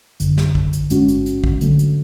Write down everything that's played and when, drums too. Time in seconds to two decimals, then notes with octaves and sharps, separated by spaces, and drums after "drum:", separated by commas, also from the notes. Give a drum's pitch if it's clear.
0.20 G#1 F#2 D3, drum: hi-hat
0.38 drum: snare
0.55 drum: kick
0.73 drum: hi-hat
0.90 A1 G#2 G#3 C#4 F#4, drum: hi-hat
1.08 drum: hi-hat
1.26 drum: hi-hat
1.44 drum: kick
1.61 D3 F#3 A3, drum: hi-hat
1.79 drum: hi-hat